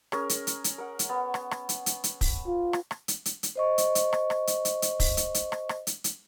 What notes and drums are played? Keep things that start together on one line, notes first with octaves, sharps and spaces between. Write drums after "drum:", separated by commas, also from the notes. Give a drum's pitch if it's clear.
C#4 G#4 A#4, drum: rim click
drum: hi-hat
drum: hi-hat
drum: hi-hat
A#4 F#5
drum: hi-hat
B3
drum: rim click
drum: rim click
drum: hi-hat
drum: hi-hat
drum: hi-hat
drum: kick, open hi-hat
F4
drum: rim click
drum: rim click
drum: hi-hat
drum: hi-hat
drum: hi-hat
C5 D#5 C#6
drum: hi-hat
drum: hi-hat
drum: rim click
drum: rim click
drum: hi-hat
drum: hi-hat
drum: hi-hat
drum: kick, open hi-hat
drum: hi-hat
drum: hi-hat
drum: rim click
drum: rim click
drum: hi-hat
drum: hi-hat